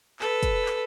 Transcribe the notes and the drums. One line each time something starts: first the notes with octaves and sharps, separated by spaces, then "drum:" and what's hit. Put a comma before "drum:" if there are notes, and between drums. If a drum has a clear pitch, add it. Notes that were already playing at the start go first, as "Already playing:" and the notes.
A4 B4, drum: clap
drum: kick, hi-hat
drum: clap